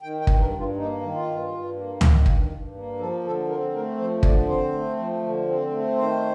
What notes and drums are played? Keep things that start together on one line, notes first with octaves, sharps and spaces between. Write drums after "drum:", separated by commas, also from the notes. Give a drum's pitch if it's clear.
D#3 G5
G5
G2, drum: kick
A#4
G2
F4
A#3 D#4
D#3
F4
G2
G2
A#3
D#3, drum: tom C#2
G2, drum: kick
G2
A#3
F3 A4
D3 A4
C4 A#4
A3 A#4
F3 C5
D3 D5, drum: kick
C4 C5
A3
F3
D3
C4
A3
D#3 C5